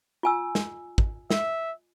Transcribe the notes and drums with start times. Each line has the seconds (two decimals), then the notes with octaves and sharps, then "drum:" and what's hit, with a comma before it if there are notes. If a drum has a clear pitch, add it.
0.23 F4 G#5 E6
0.55 drum: snare
0.98 drum: kick
1.30 E5, drum: snare